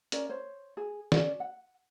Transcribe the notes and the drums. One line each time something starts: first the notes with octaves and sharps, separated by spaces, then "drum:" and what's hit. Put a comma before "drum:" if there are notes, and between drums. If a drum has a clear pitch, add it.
C#4 A#4 D5, drum: hi-hat
C5 C#5
G#4
C#4 F#4 D5, drum: snare
F#5